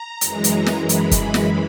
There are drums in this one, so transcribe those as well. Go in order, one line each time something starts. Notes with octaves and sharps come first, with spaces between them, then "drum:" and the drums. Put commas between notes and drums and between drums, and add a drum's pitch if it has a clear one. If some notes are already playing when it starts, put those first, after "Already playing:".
Already playing: A#5
F#2 E3 G#3, drum: hi-hat
drum: hi-hat
drum: snare
B5, drum: hi-hat
drum: kick, hi-hat
B5
drum: snare